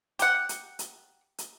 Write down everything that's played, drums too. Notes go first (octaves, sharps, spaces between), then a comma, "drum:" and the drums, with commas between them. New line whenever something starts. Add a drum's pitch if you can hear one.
G4 F#5, drum: hi-hat
drum: hi-hat
drum: hi-hat
drum: hi-hat